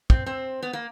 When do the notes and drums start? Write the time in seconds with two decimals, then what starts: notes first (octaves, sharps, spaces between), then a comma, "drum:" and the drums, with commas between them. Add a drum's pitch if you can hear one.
0.10 C4, drum: kick
0.26 C4
0.62 B3
0.73 A#3